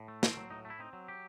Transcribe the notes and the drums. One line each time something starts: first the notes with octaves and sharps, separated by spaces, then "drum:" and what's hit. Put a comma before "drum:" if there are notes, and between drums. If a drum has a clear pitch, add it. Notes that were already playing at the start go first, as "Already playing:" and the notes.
Already playing: A2
A3
C4, drum: snare
F#3
A2 D#4
A3
E4
C4 D#4
F#3
G4